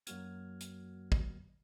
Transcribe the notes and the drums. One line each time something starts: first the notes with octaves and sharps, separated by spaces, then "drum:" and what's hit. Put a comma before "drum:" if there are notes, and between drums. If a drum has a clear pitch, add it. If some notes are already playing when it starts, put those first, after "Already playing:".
F#2 F#3 A#3 F#4 F6 G#6, drum: hi-hat
drum: hi-hat
drum: kick